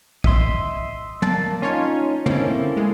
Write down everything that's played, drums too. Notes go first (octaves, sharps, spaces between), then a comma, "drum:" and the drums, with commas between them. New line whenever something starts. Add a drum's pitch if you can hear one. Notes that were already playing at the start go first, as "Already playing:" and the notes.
D#5 E5 C6, drum: kick
A#3 A5, drum: tom
C#4 D#4 F4 C#5
A#3 C4 C#4 E4 A4, drum: tom
G#3